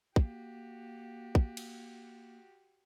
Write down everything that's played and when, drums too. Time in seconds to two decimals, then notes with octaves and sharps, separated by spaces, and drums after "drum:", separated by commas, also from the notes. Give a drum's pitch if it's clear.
0.16 A#3 F#4 G4, drum: kick
1.35 drum: kick
1.57 drum: cymbal